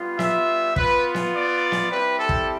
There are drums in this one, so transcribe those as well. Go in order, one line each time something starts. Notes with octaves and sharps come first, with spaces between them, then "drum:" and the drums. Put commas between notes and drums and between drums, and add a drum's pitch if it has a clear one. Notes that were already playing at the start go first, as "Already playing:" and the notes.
Already playing: G3 B3 F4
E5, drum: snare
B3 F4 B4, drum: kick
drum: snare
D5
drum: snare
G3 C4 E4 G4 B4
A4
drum: kick